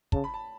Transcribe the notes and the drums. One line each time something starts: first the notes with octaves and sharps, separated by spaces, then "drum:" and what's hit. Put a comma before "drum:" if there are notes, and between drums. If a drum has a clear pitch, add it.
C#3 A5, drum: kick
B5
A5